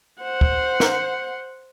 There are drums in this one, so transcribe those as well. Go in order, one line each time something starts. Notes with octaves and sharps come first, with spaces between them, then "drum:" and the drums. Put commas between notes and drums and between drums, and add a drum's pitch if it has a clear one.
C5 F#5
drum: kick D2
drum: snare